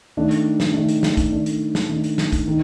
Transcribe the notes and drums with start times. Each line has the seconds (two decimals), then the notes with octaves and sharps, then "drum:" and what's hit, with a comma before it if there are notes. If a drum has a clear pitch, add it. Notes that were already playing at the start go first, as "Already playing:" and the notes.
0.17 D#3 A3 D4
0.31 drum: hi-hat
0.60 drum: snare
0.74 D#3 A3 D4
0.89 drum: hi-hat
1.03 drum: snare
1.17 drum: kick, hi-hat
1.31 D#3 A3 D4
1.46 drum: hi-hat
1.75 drum: snare
1.89 D#3 A3 D4
2.04 drum: hi-hat
2.18 drum: snare
2.33 drum: kick, hi-hat
2.48 D#3